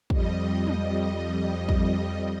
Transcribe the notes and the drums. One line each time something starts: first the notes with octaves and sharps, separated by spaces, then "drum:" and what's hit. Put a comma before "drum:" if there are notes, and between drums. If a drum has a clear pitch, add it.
F2 G3 D#5, drum: kick
drum: tom
drum: kick